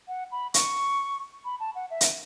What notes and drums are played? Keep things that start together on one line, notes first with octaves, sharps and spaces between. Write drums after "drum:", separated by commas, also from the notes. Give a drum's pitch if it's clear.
F#5
B5
C#6, drum: hi-hat
B5
A5
F#5
E5
drum: hi-hat